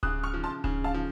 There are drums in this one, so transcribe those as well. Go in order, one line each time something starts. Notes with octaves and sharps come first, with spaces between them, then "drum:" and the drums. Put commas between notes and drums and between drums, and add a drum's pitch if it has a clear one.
C#3 D#6 F#6, drum: kick D1
C#6 F6
F3
A5 C6
C#3, drum: kick D1
F5 A5
F3